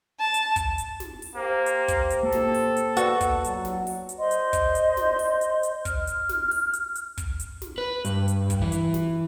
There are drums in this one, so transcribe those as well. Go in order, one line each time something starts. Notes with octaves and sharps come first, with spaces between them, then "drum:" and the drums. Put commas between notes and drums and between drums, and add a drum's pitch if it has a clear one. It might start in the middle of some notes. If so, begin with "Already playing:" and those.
A5
drum: hi-hat
drum: kick, hi-hat
drum: hi-hat
drum: snare
drum: open hi-hat
A#3 G4 C5
drum: hi-hat
drum: kick, hi-hat
drum: hi-hat
A#3 A4
drum: snare
drum: open hi-hat
drum: hi-hat
F#4 B4 D5, drum: hi-hat
drum: kick, hi-hat
F#3, drum: hi-hat
drum: snare
drum: open hi-hat
drum: hi-hat
C5 D5 D#5 C6
drum: hi-hat
drum: kick, hi-hat
drum: hi-hat
drum: snare
drum: open hi-hat
drum: hi-hat
drum: hi-hat
F6, drum: kick, hi-hat
drum: hi-hat
drum: snare
drum: open hi-hat
drum: hi-hat
drum: hi-hat
drum: kick, hi-hat
drum: hi-hat
drum: snare
B4
G2, drum: hi-hat
drum: hi-hat
drum: kick, hi-hat
E3
drum: hi-hat
drum: snare